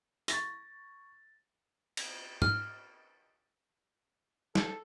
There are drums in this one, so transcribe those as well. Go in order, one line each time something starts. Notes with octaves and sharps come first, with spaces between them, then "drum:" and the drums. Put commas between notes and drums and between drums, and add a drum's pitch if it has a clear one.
C#6 A6 A#6, drum: hi-hat
drum: cymbal
F6, drum: tom
A4, drum: snare